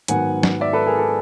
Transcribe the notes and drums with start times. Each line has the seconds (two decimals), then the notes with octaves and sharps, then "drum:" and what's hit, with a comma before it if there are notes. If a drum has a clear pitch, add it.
0.08 G#2 D#3 F#3 B3 F#5 G#5, drum: hi-hat
0.43 drum: snare
0.61 D5 E5
0.73 A4 B4
0.86 G#4 A#4
0.99 A4